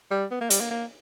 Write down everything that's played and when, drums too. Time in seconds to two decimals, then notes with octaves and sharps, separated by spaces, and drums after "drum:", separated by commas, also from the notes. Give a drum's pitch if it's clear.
0.11 G3
0.31 B3
0.41 A#3
0.50 G3, drum: hi-hat
0.61 A#3
0.71 A#3